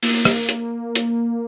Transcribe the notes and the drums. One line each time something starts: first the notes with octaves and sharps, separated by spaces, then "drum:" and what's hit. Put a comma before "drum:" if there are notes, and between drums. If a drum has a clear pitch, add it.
A#3, drum: open hi-hat
drum: rim click
drum: hi-hat
drum: hi-hat